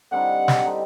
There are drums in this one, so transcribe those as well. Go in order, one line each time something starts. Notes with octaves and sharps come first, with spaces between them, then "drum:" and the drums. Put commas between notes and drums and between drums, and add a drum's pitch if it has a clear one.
D3 G3 C4 D#4 F#5
drum: snare
D3 G3 C4 D#4